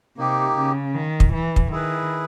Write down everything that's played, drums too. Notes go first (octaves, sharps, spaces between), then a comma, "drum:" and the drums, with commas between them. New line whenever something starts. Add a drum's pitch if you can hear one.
C3 A#3 D#4 G4
C#3
D#3
drum: kick
E3
drum: kick
D#3 E4 G#4 B4